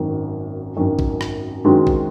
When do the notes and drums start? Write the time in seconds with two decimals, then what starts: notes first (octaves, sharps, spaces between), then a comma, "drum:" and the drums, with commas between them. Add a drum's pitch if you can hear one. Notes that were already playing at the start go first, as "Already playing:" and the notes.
Already playing: G#1 F#2 D#3
0.77 G#1 F#2 D#3
0.99 drum: kick A1
1.21 drum: rim click
1.65 F#2 D#3 G#3 C4 F#4
1.87 drum: kick A1